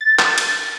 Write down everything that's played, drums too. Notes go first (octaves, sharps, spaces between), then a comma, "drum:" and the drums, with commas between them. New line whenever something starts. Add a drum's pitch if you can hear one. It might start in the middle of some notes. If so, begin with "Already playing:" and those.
A6
drum: clap
drum: cymbal